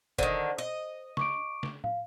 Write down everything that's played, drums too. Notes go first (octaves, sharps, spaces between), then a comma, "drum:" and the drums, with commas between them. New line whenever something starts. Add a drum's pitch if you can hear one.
D3 D#3 C5, drum: kick
D#5
C#6 D6 D7, drum: snare
drum: snare
F5, drum: tom A2